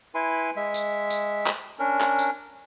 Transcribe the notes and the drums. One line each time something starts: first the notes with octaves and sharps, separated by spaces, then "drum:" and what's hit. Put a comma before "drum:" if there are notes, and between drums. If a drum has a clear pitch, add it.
E4 B4 G#5 C6
G#3 E5
drum: tambourine
drum: tambourine
drum: clap
C#4 D4 A#4
drum: clap
drum: tambourine